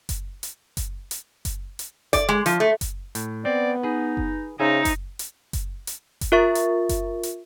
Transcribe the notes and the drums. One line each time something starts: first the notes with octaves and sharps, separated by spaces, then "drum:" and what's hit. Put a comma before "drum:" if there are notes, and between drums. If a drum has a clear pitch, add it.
drum: kick F#1, hi-hat
drum: hi-hat
drum: kick F#1, hi-hat
drum: hi-hat
drum: kick F#1, hi-hat
drum: hi-hat
D5, drum: kick F#1, hi-hat
G#3
F3, drum: hi-hat
A3
drum: kick F#1, hi-hat
A2, drum: hi-hat
B3 C4 D5
D#4 G#4 B4
drum: kick F#1
C#3 D#4 C5 E5 G#5
drum: kick F#1, hi-hat
drum: hi-hat
drum: kick F#1, hi-hat
drum: hi-hat
drum: kick F#1, hi-hat
F4 A#4 E5 C#6 A6
drum: hi-hat
drum: kick F#1, hi-hat
drum: hi-hat